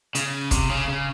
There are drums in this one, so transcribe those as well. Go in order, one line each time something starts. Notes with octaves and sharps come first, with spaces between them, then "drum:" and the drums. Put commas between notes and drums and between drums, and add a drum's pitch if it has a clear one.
C#3, drum: hi-hat
C3, drum: kick, hi-hat
C#3
C#3